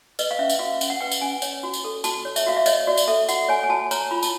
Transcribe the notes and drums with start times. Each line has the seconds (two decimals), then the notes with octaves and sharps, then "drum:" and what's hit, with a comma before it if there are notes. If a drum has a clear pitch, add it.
0.19 B4 D#5, drum: tambourine
0.31 F5
0.39 C#4 E5
0.50 drum: tambourine
0.59 F#4 F5
0.81 C#4, drum: tambourine
0.90 F#5
1.01 B4 G5
1.12 drum: tambourine
1.21 C#4 G#5
1.42 C#5, drum: tambourine
1.63 F#4
1.74 drum: tambourine
1.84 A4
2.04 F#4 A5, drum: tambourine
2.25 C#5
2.36 E5, drum: tambourine
2.46 F#4 F5
2.57 E5
2.66 C#5 D#5, drum: tambourine
2.87 F#4 D5
2.97 drum: tambourine
3.08 A4 E5
3.29 F#4 F#5, drum: tambourine
3.49 C#5 G#5
3.63 G#5
3.69 F#4 A5
3.91 C#5 A#5, drum: tambourine
4.11 F4 B5
4.23 A5, drum: tambourine